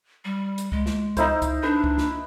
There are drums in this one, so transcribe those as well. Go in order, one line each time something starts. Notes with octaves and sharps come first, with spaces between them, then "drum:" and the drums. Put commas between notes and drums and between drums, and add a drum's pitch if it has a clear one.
G3
drum: hi-hat
G#3, drum: kick C#2
drum: snare
D#4 E4 C5, drum: kick C#2, hi-hat
drum: kick C#2, hi-hat
D4 B4
drum: kick C#2
drum: snare